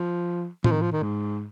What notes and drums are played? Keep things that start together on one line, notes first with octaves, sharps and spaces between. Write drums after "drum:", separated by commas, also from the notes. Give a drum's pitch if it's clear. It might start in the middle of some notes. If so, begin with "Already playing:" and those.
Already playing: F3
F3, drum: tom A2
D#3
F3
D#3
G#2